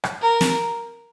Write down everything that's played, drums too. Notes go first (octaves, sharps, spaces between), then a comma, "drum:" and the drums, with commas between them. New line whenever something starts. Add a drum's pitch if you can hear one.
drum: rim click
A#4
drum: snare